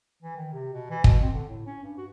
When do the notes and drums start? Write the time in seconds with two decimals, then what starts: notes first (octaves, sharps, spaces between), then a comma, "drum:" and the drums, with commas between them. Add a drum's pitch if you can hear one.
0.23 E3
0.36 D#3
0.52 C3
0.73 B2
0.91 E3
1.04 B2, drum: kick
1.21 C4
1.33 D3
1.49 A2
1.66 C#4
1.83 G2
1.98 F#4